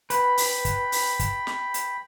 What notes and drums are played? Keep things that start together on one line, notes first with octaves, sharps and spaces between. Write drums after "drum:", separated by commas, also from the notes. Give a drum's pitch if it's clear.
B4 G5 B5, drum: hi-hat
drum: open hi-hat
drum: kick, hi-hat
drum: open hi-hat
drum: kick, hi-hat
drum: snare
drum: hi-hat